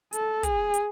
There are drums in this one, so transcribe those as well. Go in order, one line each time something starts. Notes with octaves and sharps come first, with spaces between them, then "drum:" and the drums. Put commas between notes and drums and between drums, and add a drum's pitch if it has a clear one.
A4, drum: hi-hat
G#4, drum: kick, hi-hat
drum: hi-hat